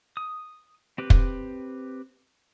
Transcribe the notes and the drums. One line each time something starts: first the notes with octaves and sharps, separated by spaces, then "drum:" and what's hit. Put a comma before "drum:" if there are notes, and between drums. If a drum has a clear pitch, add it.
D#6
C4 G4 B4
drum: kick